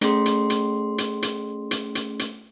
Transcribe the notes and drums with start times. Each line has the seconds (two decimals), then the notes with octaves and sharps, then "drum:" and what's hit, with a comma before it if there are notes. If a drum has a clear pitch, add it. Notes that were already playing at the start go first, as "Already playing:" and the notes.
0.01 A3 C#4 G#4 C6, drum: hi-hat
0.26 drum: hi-hat
0.50 drum: hi-hat
0.98 drum: hi-hat
1.22 drum: hi-hat
1.71 drum: hi-hat
1.95 drum: hi-hat
2.19 drum: hi-hat